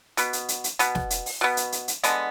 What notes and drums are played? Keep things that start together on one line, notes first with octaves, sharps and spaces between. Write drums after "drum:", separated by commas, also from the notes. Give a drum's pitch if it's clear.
B2 B3, drum: hi-hat
drum: hi-hat
drum: hi-hat
drum: hi-hat
B2 B3, drum: hi-hat
drum: snare
drum: hi-hat
drum: open hi-hat
B2 B3
drum: hi-hat
drum: hi-hat
drum: hi-hat
D3 G#3 B3, drum: hi-hat